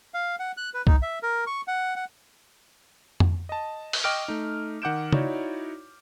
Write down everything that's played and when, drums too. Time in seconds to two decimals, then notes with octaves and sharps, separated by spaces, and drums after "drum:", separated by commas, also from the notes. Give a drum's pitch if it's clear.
0.14 F5
0.39 F#5
0.57 F#6
0.74 B4
0.87 D#4, drum: kick
1.02 E5
1.23 A#4
1.47 C#6
1.68 F#5
1.96 F#5
3.20 drum: tom F2
3.49 D#5 A5
3.93 drum: open hi-hat
4.04 D#5 G5 C#6 D6 F6 D7
4.28 A3 D#4
4.82 D#3 F#5 D6 G6 D7 E7
5.13 D#4 E4 F#4 C#5 D5, drum: tom